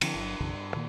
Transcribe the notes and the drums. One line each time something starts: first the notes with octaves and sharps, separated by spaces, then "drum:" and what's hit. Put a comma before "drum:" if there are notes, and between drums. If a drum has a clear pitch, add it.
D3 F3 C4 D4, drum: cymbal
G1 F#3
B1 F#2 C#3 E3
G2
A#2 D#3 F3 A#3